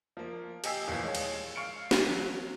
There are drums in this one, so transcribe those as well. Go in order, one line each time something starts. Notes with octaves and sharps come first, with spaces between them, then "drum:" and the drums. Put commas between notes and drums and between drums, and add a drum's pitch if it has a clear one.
F3 A#3
G4 D#5 G5 G#5 E6 C7, drum: cymbal
D#2 A#2 E3 F3
G#3 C#5
drum: cymbal
F5 C#6 F6 C#7 D7
drum: snare
F#3